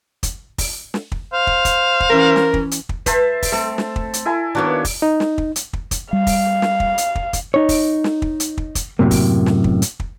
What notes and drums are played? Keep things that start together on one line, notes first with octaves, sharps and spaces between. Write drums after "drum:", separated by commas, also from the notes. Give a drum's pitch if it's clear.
drum: kick, hi-hat
drum: kick, open hi-hat
drum: snare
drum: kick
C5 F5
drum: kick
drum: kick, hi-hat
drum: kick
E3 C#4 A#4
drum: snare
drum: kick
drum: hi-hat
drum: kick
B4 C5 E5 A5, drum: kick, hi-hat
drum: kick, open hi-hat
A3 C4 A4
drum: snare
drum: kick
drum: hi-hat
E4 A4 G#5
D#3 A#3 B3 D4 F#4 C#5
drum: kick, open hi-hat
D#4
drum: snare
drum: kick
drum: hi-hat
drum: kick
drum: kick, hi-hat
G3 F5
drum: kick, open hi-hat
drum: snare
drum: kick
drum: hi-hat
drum: kick
drum: kick, hi-hat
D#4 C#5
drum: kick, open hi-hat
drum: snare
drum: kick
drum: hi-hat
drum: kick
drum: kick, hi-hat
F#2 A2 C3 A#3
drum: kick, open hi-hat
drum: snare
drum: kick
drum: hi-hat
drum: kick